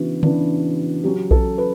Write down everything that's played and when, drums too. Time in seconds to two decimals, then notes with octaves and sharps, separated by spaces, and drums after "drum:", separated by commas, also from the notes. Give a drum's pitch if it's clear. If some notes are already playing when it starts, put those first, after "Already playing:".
Already playing: C#3 E3 B3 D4 F#4
0.23 C#3 E3 B3 D4, drum: tom
1.04 C#3 F#3 C#4 G4
1.31 A4, drum: kick A#1
1.58 B4